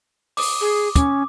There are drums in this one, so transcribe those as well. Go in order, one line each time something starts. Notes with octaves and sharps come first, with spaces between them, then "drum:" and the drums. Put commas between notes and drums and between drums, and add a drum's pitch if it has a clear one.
D6 D#6, drum: open hi-hat
G#4
C#4 D6, drum: kick, hi-hat